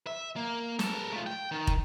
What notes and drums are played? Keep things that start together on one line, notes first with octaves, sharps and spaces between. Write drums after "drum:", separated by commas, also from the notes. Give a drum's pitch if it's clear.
E5
A#3
A4 A#4, drum: snare
A3 F4
G5
D#3
drum: kick